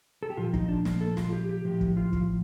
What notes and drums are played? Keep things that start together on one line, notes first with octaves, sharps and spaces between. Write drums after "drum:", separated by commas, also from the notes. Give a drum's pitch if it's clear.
A4
G4
A#2 F3 F4
D#4, drum: kick
D4
A#3, drum: snare
A4
F4, drum: snare
G4
G4
A2 F3 G4
drum: kick
F4
drum: kick